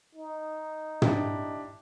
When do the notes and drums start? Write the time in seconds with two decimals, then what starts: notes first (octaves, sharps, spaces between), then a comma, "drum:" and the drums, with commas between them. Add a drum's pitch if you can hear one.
0.15 D#4
1.02 D4 E4 G4, drum: tom